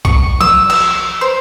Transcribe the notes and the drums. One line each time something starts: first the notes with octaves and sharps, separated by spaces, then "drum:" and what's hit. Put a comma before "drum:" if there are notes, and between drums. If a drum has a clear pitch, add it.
C#6, drum: kick B1
E6, drum: tom F3
E6, drum: cymbal
C5